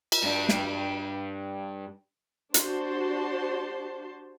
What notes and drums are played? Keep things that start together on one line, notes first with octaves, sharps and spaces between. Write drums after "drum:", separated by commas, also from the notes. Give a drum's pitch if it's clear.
drum: cymbal
G2 D4
drum: snare
D4 F#4 G4 C5 A5 C6, drum: hi-hat